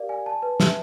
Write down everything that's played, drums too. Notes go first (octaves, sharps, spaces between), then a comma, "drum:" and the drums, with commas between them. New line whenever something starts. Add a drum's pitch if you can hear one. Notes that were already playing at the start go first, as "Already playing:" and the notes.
Already playing: G4 A#4 D5 F5
G#5
A5
B4
E5, drum: snare